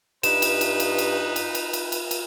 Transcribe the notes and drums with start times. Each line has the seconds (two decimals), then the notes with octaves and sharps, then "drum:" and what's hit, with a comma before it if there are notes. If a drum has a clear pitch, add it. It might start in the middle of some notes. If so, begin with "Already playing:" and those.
0.23 G2 D#4 B4 E7, drum: cymbal
0.42 drum: cymbal
0.61 drum: cymbal
0.80 drum: cymbal
0.98 drum: cymbal
1.36 drum: cymbal
1.55 drum: cymbal
1.73 drum: cymbal
1.92 drum: cymbal
2.11 drum: cymbal